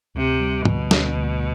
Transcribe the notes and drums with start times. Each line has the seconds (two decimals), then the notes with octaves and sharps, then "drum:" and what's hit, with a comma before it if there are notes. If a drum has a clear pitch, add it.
0.15 D2 C3
0.40 G3
0.65 B2 D3, drum: tom
0.91 D2, drum: snare
1.16 D2